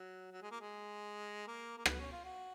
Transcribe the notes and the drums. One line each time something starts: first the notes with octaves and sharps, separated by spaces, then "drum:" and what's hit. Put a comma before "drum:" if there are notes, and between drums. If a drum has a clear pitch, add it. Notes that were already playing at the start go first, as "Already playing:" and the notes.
Already playing: F#3
F#3
G#3
A#3
G#3
A#3
A#3
B3, drum: rim click
C#4
F4
F#4